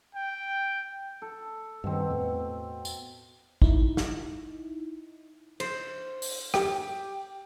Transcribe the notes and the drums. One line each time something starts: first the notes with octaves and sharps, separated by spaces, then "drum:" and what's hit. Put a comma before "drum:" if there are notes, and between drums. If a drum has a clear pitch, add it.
G5
A4
G2 B2 D#3 C4
E2 A2
drum: tambourine
D#4 E4, drum: kick
drum: snare
C5, drum: cymbal
drum: open hi-hat
G4, drum: rim click